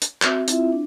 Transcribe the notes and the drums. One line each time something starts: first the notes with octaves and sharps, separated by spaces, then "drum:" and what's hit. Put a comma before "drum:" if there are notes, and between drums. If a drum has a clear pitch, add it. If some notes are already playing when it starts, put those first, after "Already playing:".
drum: hi-hat
C4 F#4 E5, drum: clap
C4 E4 F4 E5, drum: hi-hat
D4